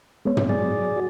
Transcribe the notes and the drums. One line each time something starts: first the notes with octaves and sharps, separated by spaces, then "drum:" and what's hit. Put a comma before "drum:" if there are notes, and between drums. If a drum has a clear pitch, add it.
G#3 B3 C#5
drum: tom
F#3 G#4 D5
F#4